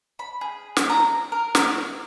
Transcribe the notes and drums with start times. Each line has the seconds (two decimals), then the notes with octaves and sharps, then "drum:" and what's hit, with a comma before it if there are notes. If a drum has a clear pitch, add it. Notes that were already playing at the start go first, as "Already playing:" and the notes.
0.19 B5
0.41 G#4
0.77 drum: snare
0.90 A#5
1.32 A#4
1.55 drum: snare